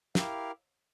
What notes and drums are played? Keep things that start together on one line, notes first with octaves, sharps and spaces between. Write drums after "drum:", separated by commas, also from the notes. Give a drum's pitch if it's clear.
E4 G4 A#4 F5, drum: snare